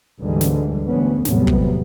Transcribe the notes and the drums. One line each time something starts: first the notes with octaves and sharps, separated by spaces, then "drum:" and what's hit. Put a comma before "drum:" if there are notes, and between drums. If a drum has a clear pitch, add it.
D2 G#2 D3 E3 G3 G#3
drum: snare
D2 E3 B3 C#4
E2 A2 C3 F#3 G3 B3, drum: snare
drum: kick